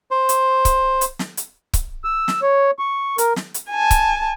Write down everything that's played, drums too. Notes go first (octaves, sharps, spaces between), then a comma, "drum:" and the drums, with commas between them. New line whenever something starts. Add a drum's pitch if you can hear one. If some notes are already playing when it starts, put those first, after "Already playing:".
C5
drum: hi-hat
drum: kick C#1, hi-hat
drum: hi-hat
drum: snare
drum: hi-hat
drum: kick C#1, hi-hat
E6
drum: snare
C#5
C#6
A#4, drum: hi-hat
drum: snare
drum: hi-hat
G#5 A5
drum: kick C#1, hi-hat